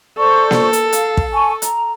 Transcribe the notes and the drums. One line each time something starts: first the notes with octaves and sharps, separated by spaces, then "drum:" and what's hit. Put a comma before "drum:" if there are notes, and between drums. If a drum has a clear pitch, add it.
A4 C5 D5 C#6
drum: snare A#3
drum: hi-hat
F5, drum: hi-hat
drum: kick
G#5 A5 C#6
A#5, drum: hi-hat